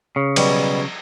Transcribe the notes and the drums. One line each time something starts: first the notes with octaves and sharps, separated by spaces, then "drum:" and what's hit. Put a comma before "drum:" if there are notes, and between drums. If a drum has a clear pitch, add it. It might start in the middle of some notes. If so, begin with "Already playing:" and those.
C#3
B2 F#3 G3, drum: cymbal